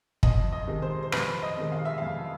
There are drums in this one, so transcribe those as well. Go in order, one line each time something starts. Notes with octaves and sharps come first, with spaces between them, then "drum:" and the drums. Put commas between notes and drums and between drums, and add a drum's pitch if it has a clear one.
F2 D#5, drum: kick
D#5
C3 D#3 G#3
C5
C5
F2 B4, drum: rim click
D#5
C3 D#3 G#3
F5
E5
F2 F5